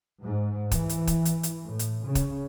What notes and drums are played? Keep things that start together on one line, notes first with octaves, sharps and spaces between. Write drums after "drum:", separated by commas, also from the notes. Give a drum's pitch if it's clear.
G#2
E3, drum: kick, hi-hat
drum: hi-hat
drum: kick, hi-hat
drum: hi-hat
drum: hi-hat
A2
drum: hi-hat
C#3
drum: kick, hi-hat